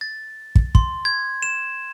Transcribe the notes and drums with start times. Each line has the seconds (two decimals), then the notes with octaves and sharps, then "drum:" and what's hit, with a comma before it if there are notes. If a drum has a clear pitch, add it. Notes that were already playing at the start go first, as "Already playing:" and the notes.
0.01 A6
0.55 drum: kick
0.75 C6, drum: kick
1.05 G#6
1.42 E7